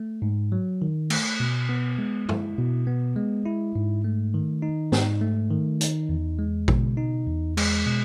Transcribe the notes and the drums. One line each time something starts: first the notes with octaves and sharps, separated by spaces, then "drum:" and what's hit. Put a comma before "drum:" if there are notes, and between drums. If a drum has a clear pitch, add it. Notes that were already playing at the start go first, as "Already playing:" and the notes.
Already playing: A3
G#2
F#3
D#3
A3, drum: cymbal
B2
B3
G#3
E4, drum: tom G2
B2
B3
G#3
E4
G#2
A3
D#3
D#4
G#2, drum: snare
A3
D#3
D#4, drum: hi-hat
E2
G#3
B2, drum: kick A1
D#4
E2
G#3, drum: cymbal
B2